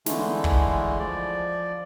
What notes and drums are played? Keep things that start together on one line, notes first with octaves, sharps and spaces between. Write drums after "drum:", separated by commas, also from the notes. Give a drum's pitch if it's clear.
D3 E3 G#3 A3, drum: snare
drum: kick
F3 D5